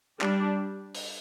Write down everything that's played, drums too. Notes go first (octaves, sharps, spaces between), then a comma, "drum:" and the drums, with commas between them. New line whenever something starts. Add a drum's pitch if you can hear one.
G3 D4 G4, drum: clap
drum: open hi-hat